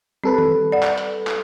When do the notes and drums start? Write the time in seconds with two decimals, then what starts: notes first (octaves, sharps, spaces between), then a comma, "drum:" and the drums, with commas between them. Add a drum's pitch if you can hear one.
0.24 G3 C4 A4 B4
0.38 drum: tom D#3
0.72 D5 F#5
0.83 drum: clap
0.98 drum: hi-hat
1.27 drum: clap